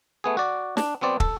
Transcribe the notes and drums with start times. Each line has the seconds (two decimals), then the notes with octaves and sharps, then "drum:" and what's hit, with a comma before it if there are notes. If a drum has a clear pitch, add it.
0.24 A3 B3 G#4
0.37 F#4 D5
0.77 D4, drum: snare
1.01 F#3 B3 C4 D5
1.20 A4, drum: kick